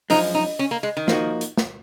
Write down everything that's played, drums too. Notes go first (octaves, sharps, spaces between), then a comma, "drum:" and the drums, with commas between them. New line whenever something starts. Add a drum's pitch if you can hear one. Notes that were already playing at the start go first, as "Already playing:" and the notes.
F#2 F3 G#3 D#4, drum: open hi-hat
D#4
C#4
A#3
G#3
D#3
F3 A#3 D#4 F#4, drum: snare
drum: hi-hat
drum: snare